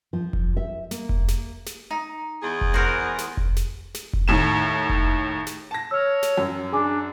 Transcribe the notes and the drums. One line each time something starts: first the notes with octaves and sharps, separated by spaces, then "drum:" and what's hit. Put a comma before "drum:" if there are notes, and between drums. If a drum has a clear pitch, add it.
F3
drum: kick F1
E5
A#3, drum: snare
drum: kick F1
drum: snare
drum: snare
D#4
E2 G#4
drum: kick F1
F#4 A#4 C5
drum: snare
drum: kick F1
drum: snare
drum: snare
drum: kick F1
D#2 A2 E7
drum: kick F1
drum: snare
A5 A#6
C#5 E6 F6
drum: snare
F#2
D4 G#4 G#5 D6